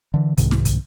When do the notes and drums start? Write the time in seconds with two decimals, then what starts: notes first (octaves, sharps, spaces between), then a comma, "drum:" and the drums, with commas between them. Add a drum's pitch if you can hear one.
0.14 D3 E3
0.37 C2 G#2 C3 D#3, drum: kick, hi-hat
0.51 drum: snare
0.65 drum: kick, hi-hat